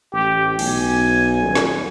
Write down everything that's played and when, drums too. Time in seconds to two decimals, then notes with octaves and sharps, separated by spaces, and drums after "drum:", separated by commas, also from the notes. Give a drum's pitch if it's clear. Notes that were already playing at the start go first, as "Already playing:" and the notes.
0.12 A1 G4
0.59 B1 G#5, drum: cymbal
1.43 D#1
1.55 drum: snare